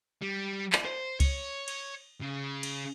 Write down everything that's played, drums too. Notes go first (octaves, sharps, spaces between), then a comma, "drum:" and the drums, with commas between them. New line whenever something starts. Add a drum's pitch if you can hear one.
G3
drum: clap
C5
C#5, drum: kick C#2, cymbal
drum: cymbal
C#3
drum: cymbal